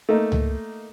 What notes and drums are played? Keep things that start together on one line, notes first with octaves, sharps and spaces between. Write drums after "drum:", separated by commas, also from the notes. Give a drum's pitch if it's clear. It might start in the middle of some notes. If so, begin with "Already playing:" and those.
A3 A#3 D#4
drum: tom C#2